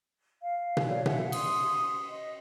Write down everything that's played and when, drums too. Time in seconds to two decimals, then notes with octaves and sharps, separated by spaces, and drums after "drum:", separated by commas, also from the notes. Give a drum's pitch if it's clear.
0.43 F5
0.77 drum: tom B2
0.88 C#5 D5 F5
1.06 E5 F#5, drum: tom B2
1.32 C6 D#6, drum: cymbal
2.09 D#5